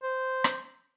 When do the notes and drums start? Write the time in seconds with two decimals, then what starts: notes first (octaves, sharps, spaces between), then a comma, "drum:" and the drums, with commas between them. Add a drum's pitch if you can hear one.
0.03 C5
0.44 drum: rim click